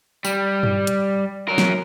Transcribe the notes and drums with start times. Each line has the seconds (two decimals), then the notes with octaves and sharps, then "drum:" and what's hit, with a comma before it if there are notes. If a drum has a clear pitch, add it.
0.25 G3, drum: tambourine
0.63 drum: tom G2
0.87 drum: hi-hat
1.49 F#3 A#4
1.58 drum: snare